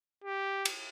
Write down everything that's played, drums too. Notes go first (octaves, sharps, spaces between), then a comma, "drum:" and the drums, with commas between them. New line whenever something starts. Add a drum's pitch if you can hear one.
G4
drum: cymbal